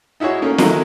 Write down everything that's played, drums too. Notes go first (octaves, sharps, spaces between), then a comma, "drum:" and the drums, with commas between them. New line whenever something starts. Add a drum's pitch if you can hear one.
D#4 E4 F#4 G#4 C#5
A3 A#3 C#4 A#4
D#3 F#3 G#3 A3 E4, drum: snare